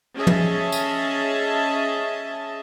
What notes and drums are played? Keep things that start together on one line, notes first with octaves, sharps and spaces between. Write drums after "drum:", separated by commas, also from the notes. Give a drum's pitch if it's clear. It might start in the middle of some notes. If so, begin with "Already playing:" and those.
C#4 G#4 D#5 E5 A5
drum: tom
drum: tambourine